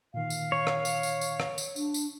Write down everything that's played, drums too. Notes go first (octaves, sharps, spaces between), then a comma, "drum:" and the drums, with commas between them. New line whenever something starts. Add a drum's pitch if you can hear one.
A#2 D#3 F5
drum: tambourine
C#5
drum: rim click
drum: tambourine
drum: tambourine
drum: tambourine
drum: rim click
drum: tambourine
D4, drum: tambourine
drum: tambourine